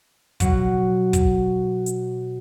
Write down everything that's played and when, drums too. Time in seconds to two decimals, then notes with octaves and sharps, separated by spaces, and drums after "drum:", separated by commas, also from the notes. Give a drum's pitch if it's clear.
0.40 B2 F#3 F#5, drum: kick, hi-hat
1.13 drum: kick, hi-hat
1.86 drum: hi-hat